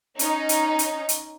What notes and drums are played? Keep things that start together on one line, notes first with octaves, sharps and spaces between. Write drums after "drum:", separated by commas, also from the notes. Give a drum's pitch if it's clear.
C#4 D#4, drum: hi-hat
drum: hi-hat
drum: hi-hat
drum: hi-hat